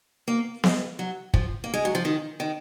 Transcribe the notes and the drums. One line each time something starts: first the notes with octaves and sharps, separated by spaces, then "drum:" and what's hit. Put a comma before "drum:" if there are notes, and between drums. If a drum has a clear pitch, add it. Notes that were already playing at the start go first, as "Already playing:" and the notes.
A#3
G#3, drum: snare B3
F#3
F3, drum: kick
A#3
G#3
F#3
F3
D#3
D#3